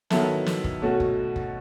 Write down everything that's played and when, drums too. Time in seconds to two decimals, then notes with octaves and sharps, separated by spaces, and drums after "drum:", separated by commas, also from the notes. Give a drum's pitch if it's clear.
0.10 D#3 F#3 B3 E4 A4, drum: snare
0.46 drum: snare
0.64 drum: kick F#1
0.82 B2 A3 C#4 F#4
1.00 drum: kick F#1
1.36 drum: kick F#1